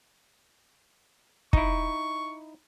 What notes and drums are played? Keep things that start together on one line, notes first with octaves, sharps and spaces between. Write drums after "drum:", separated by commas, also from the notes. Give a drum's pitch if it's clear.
D#4 E4 C#6, drum: kick